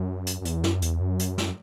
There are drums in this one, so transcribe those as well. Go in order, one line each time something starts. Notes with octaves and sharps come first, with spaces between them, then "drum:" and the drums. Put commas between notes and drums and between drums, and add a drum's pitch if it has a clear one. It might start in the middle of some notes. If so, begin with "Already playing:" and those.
Already playing: F#2
drum: hi-hat
F#2
E2, drum: hi-hat
F#2, drum: snare
E2, drum: hi-hat
F#2
drum: hi-hat
drum: snare